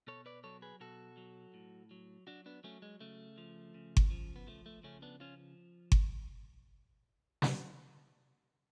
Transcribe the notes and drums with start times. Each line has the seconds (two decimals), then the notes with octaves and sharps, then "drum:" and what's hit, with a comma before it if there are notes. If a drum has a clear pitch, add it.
0.07 B2 A4 C#5
0.26 B4 D5
0.44 F#3 A4 C#5
0.62 G#4 B4
0.80 B2 F#4 A4
1.17 F#3
1.54 A2
1.91 F#3
2.27 F#3 D4 F#4
2.46 B3 D4
2.64 F#3 A3 C#4
2.82 G#3
3.00 C#3 A3
3.38 F3
3.74 C#3
3.97 drum: kick G1
4.11 F3
4.36 B3
4.47 F3 A3
4.66 A3
4.83 C#3 A3 C#4
5.02 B3 D4
5.20 F3 C#4 F4
5.92 drum: kick G1
7.42 drum: snare